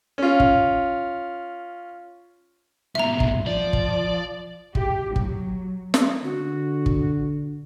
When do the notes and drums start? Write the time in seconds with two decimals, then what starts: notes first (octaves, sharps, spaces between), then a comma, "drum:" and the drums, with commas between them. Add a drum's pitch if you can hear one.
0.18 C#4 F4
0.40 drum: kick
2.95 G#2 B2 E5 A#5
3.20 drum: kick
3.46 F3 D5
3.73 drum: kick
4.75 G4, drum: kick
5.16 F#3, drum: kick
5.94 drum: snare
6.24 D3 F#4
6.86 drum: kick